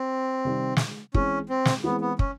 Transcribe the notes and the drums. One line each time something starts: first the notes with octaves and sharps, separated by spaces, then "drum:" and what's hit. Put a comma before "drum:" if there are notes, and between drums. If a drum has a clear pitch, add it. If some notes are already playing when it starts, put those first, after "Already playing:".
Already playing: C4
C3 D#3 G3
drum: snare
E3 G#3 C4 C#4, drum: kick
C4
drum: snare
E3 G#3 B3 C4
B3
C#4, drum: kick